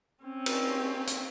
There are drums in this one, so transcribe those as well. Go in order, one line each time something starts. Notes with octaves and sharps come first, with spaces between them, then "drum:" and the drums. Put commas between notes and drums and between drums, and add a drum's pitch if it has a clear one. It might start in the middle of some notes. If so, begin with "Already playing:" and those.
C4 C#4
drum: cymbal
drum: hi-hat